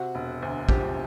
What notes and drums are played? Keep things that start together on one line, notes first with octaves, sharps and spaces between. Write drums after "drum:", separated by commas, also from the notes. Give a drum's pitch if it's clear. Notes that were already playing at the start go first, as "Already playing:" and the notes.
Already playing: C3 F#4
E1
D2
F3 G4, drum: kick